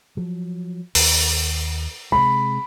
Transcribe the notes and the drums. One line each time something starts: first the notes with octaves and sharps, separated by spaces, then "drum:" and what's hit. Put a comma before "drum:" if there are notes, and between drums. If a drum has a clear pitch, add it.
F3 F#3
D#2, drum: open hi-hat
C3 G#3 B5